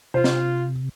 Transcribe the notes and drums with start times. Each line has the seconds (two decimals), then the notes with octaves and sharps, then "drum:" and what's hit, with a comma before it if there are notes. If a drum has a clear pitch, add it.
0.14 C3 F4 C5
0.24 drum: snare